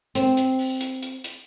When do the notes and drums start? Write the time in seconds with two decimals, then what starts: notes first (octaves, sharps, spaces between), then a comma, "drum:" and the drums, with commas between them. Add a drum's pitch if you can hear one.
0.15 C4, drum: hi-hat
0.37 drum: hi-hat
0.59 drum: open hi-hat
0.81 drum: hi-hat
1.03 drum: hi-hat
1.24 drum: hi-hat